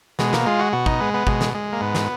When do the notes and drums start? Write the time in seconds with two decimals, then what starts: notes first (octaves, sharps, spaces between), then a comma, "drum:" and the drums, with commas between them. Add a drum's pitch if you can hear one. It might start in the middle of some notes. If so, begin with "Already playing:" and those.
0.19 B2 G#3, drum: snare
0.33 A#3, drum: snare
0.46 G#3 F4
0.60 F#4
0.73 B2 F#4
0.86 D#4, drum: kick
1.00 G#3 B3
1.14 B3
1.27 B2 G#3, drum: kick
1.41 drum: snare
1.54 G#3
1.73 A#3
1.81 G#2 B3
1.95 drum: snare